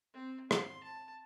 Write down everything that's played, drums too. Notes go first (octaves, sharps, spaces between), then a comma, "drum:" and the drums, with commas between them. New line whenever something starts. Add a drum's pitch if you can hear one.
C4
C6, drum: rim click
A5